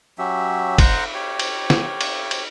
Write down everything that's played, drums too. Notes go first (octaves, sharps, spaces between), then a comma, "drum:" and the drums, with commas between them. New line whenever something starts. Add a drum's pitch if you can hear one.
F#3 C#4 G4 E5
C5 F#5 A#5, drum: kick, cymbal
G4 C#5
drum: cymbal
drum: snare
drum: cymbal
drum: cymbal